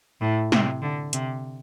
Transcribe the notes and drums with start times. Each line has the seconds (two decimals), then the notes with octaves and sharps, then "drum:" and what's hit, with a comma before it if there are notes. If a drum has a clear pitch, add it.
0.21 A2
0.52 C3, drum: snare
0.82 D3
1.13 C3, drum: hi-hat